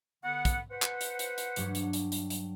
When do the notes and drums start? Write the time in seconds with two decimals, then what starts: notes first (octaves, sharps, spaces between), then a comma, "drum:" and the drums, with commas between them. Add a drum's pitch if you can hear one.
0.23 D3 B3 F#5
0.45 drum: kick, hi-hat
0.71 B4 C5 F#5
0.82 drum: clap
1.01 drum: hi-hat
1.19 drum: hi-hat
1.38 drum: hi-hat
1.56 G2 F#3 G3, drum: hi-hat
1.75 drum: hi-hat
1.93 drum: hi-hat
2.12 drum: hi-hat
2.30 drum: hi-hat